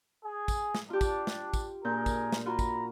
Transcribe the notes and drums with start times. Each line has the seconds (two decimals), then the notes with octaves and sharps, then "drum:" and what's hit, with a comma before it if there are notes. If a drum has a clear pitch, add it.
0.24 G#4
0.48 drum: kick, tambourine
0.75 drum: snare
0.90 D4 F4 G4
1.01 drum: kick, tambourine
1.27 drum: snare
1.54 drum: kick, tambourine
1.85 A#2 D4 G#4 A#4 G6
2.06 drum: kick, tambourine
2.32 drum: snare
2.46 F4 F#4 A#5 B5
2.59 drum: kick, tambourine